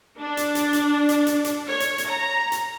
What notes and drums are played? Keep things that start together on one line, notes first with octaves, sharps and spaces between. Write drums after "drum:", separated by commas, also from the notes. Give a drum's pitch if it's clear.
D4
drum: hi-hat
drum: hi-hat
drum: hi-hat
drum: hi-hat
drum: hi-hat
drum: hi-hat
C#5
drum: hi-hat
drum: hi-hat
A#5
drum: hi-hat